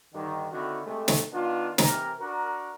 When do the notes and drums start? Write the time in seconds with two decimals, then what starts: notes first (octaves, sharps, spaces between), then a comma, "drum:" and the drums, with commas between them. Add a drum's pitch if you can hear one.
0.14 G2 D3 D#3
0.52 D3 D#3 C4 E4 F#4
0.86 C3 G#3 A3
1.08 drum: snare
1.33 D#3 B3 D4 F4
1.78 C3 E3 A#4, drum: snare
2.20 D4 F#4 A#4